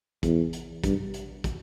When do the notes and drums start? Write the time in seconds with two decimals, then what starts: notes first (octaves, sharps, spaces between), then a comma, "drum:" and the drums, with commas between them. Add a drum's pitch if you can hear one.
0.23 E2, drum: kick, hi-hat
0.53 drum: hi-hat
0.84 G2, drum: kick, hi-hat
1.14 drum: hi-hat
1.44 drum: kick, hi-hat